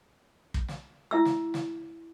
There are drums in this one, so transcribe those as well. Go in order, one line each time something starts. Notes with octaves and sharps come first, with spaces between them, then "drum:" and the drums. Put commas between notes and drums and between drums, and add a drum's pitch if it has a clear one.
drum: kick
drum: snare
E4 E5 E6
drum: snare
drum: snare